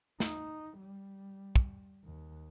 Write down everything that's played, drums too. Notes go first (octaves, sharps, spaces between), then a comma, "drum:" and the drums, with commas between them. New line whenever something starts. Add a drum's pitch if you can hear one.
D#4, drum: snare
G3
drum: kick
D#2